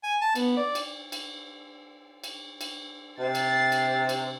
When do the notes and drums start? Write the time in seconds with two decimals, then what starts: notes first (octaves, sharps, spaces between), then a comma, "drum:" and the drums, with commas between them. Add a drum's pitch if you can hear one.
0.03 G#5
0.21 A5
0.35 B3, drum: cymbal
0.57 D5
0.75 drum: cymbal
1.12 drum: cymbal
2.24 drum: cymbal
2.61 drum: cymbal
3.19 C3 A6 C7
3.35 drum: cymbal
3.72 drum: cymbal
4.09 drum: cymbal